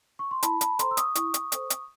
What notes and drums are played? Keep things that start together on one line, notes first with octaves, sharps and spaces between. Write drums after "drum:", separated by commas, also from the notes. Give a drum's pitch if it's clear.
C#6
C6
E4 A5 B5, drum: hi-hat
A5 B5, drum: hi-hat
A4 C5 A#5 C6, drum: hi-hat
E6
C#6 D#6, drum: hi-hat
E4 C#6 D#6, drum: hi-hat
drum: hi-hat
A4 C5, drum: hi-hat
drum: hi-hat